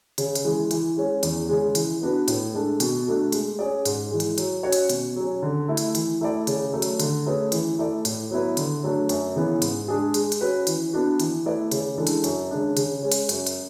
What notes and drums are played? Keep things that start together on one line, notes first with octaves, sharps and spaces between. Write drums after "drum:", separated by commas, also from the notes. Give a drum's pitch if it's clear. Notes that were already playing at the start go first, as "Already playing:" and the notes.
C#3, drum: hi-hat
drum: hi-hat
E3 G#3
E3, drum: hi-hat
G#3 C#4
E2, drum: hi-hat
C#3 G#3
E3, drum: hi-hat
B3 D4 F#4 B4
A2, drum: hi-hat
G#3 D4 A4
B2, drum: hi-hat
A3 D4 F#4 A4
G#3, drum: hi-hat
C#4 G#4 D5
G#2, drum: hi-hat
E3 G#3
drum: hi-hat
F#3, drum: hi-hat
C#4 F#4 C#5
drum: hi-hat
B2, drum: hi-hat
F#3 C#4
D3
A3 E4
drum: hi-hat
E3, drum: hi-hat
A3 E4 A4 D5
C#3, drum: hi-hat
F#3 A3
drum: hi-hat
D3, drum: hi-hat
A3 C#4 G#4 B4
E3, drum: hi-hat
A3 E4 A4 D5
A2, drum: hi-hat
F#3 B3 E4 B4
D3, drum: hi-hat
F#3 A3 D4
F#2, drum: hi-hat
C#3 E3 B3
G#2, drum: hi-hat
G#3 D4 G#4
G#3, drum: hi-hat
drum: hi-hat
C#4 F#4 B4
E3, drum: hi-hat
B3 D4 F#4
E3, drum: hi-hat
A3 E4 B4 D5
C#3, drum: hi-hat
E3 G#3 D4 A4
drum: hi-hat
F#2, drum: hi-hat
C#3 G#3 D4
C#3, drum: hi-hat
G#3 C#4
drum: hi-hat
F#2, drum: hi-hat
drum: hi-hat